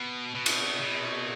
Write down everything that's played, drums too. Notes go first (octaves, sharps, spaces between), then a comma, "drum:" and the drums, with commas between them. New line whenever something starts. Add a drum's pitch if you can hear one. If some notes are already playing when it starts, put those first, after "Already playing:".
Already playing: B2
B2
drum: cymbal
B2